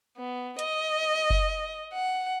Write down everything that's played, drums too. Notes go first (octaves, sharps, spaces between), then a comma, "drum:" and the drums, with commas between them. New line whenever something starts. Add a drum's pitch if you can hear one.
B3
D#5, drum: hi-hat
drum: kick F#1
F#5